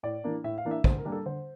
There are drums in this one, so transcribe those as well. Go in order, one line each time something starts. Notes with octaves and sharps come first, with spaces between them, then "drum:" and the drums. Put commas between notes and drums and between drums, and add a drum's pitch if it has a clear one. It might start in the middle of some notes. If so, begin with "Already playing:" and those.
A2 D5
E3 A#3 D4
A2 E5
F5
E3 A#3 D4
E5
D3 C5, drum: kick
A#4
G3 A#3 D4
A4
D3 C5